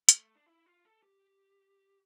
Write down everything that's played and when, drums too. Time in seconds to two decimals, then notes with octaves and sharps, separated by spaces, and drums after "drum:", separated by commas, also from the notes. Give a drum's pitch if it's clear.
0.09 A3, drum: hi-hat
0.35 D4
0.46 E4
0.66 F4
0.85 A4
1.03 G4